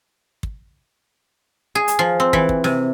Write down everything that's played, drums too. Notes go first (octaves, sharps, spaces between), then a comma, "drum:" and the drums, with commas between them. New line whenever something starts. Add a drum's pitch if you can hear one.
drum: kick
G#4
drum: hi-hat
F3
C4
E3, drum: kick
drum: kick
C3, drum: snare